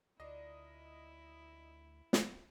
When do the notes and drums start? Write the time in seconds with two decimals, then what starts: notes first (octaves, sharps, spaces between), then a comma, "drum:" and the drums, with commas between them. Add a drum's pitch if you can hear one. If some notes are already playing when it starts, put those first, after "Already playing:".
0.20 D2 D4 E4 F4 A#4 D#5
2.13 drum: snare